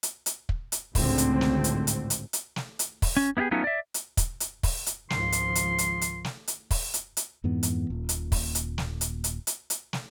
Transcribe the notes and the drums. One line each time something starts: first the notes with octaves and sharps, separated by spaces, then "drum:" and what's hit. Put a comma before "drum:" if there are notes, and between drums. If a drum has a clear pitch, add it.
drum: hi-hat
drum: hi-hat
drum: kick
drum: hi-hat
G#1 C#2 A2 D3 A3 C4, drum: kick, open hi-hat
drum: hi-hat
drum: snare
drum: hi-hat
drum: hi-hat
drum: hi-hat
drum: hi-hat
drum: snare
drum: hi-hat
drum: kick, open hi-hat
C#4
B3 E4 F4 G4 G#4
F#3 A3 B3 C#4 D#4 F4
D5 E5
drum: hi-hat
drum: kick, hi-hat
drum: hi-hat
drum: kick, open hi-hat
drum: hi-hat
G#1 C#2 F3 C6, drum: snare
drum: hi-hat
drum: hi-hat
drum: hi-hat
drum: hi-hat
drum: snare
drum: hi-hat
drum: kick, open hi-hat
drum: hi-hat
drum: hi-hat
F2 G#2 E3 B3
drum: hi-hat
D#1 A#2
drum: hi-hat
drum: kick, open hi-hat
drum: hi-hat
drum: snare
drum: hi-hat
drum: hi-hat
drum: hi-hat
drum: hi-hat
drum: snare